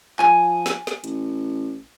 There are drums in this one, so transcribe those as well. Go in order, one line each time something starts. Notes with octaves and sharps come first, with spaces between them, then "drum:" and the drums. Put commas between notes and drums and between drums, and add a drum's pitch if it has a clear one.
F3 G#5, drum: clap
drum: snare
drum: snare
A1, drum: hi-hat